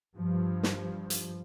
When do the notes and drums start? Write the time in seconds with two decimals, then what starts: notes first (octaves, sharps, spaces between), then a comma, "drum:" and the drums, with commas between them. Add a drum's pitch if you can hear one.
0.17 G2 F3
0.63 drum: snare
1.10 drum: hi-hat